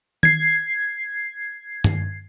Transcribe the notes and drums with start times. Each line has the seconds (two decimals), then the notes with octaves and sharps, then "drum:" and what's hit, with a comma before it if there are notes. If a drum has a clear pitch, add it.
0.23 G#6 C7, drum: tom D#3
1.84 drum: tom G2